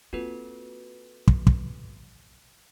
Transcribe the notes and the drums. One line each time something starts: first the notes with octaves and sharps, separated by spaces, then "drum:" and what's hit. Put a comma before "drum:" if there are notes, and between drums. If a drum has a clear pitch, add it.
A#3 C4 F4 F#4 A4 B4
drum: kick
drum: kick